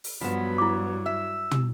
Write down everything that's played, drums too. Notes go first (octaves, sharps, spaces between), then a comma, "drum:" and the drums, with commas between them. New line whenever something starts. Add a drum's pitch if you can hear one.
drum: open hi-hat
G2 F3 F#3 B3 B5
E4 D6
E5 E6
drum: tom